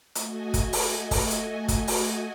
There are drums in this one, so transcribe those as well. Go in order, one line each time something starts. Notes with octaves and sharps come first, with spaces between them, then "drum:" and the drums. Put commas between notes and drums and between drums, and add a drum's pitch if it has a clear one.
A3 F#4 D#5 G#5, drum: hi-hat
drum: kick, hi-hat
drum: open hi-hat
drum: kick, open hi-hat
drum: hi-hat
drum: kick, hi-hat
drum: open hi-hat